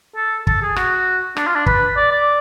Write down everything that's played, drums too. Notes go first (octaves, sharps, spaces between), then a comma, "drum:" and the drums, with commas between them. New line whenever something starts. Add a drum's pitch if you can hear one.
A4
A4, drum: kick
G#4
F#4, drum: rim click
D4, drum: rim click
F4
D4
B4, drum: kick
D5
D5